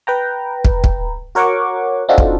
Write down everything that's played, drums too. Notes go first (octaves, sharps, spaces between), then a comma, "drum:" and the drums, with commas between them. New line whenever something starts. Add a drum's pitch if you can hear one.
B4 G5 A#5
drum: kick
drum: kick
F#4 A#4 C#5 F#5 C#6 D6
C4 D4 D#4 F4 F#4 A4
drum: kick